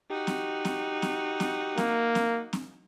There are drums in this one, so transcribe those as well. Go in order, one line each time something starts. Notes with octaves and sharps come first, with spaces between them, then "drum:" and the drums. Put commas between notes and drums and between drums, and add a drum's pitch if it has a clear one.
D#4 F#4 G4
drum: snare C4
drum: snare C4
drum: snare C4
drum: snare C4
A#3, drum: snare C4
drum: snare C4
drum: snare C4